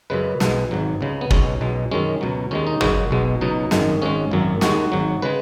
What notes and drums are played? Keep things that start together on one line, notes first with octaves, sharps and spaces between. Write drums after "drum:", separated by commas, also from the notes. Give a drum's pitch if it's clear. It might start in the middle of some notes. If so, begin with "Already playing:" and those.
F#2 C#3 G#3 B4
B1 B2 G#3, drum: snare
G#1 G#2 F#3
C#2 C#3 G#3
B3
B1 B2 G#3 C#4, drum: kick
B1 B2 G#3
F#2 D#3 G#3 C#4
C#2 B2 F#3
D#2 D#3 G#3 C#4
D#4
F#2 C#3 G#3 F#4, drum: tom
B1 B2 G#3
C#2 B2 F#3 D#4
G#1 F#2 D#3 G#3, drum: snare
G#1 G#2 G#3 C#4
G#1 F#2 F#3
D#2 D#3 G#3 F#4, drum: snare
G#1 G#2 F#3
C#3 G#3 B4